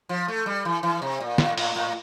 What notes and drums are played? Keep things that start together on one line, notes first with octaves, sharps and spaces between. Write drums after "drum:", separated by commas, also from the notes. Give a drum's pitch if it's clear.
F3
A3
G3
E3
E3
C3
A#2
A2, drum: snare
A2, drum: open hi-hat
A2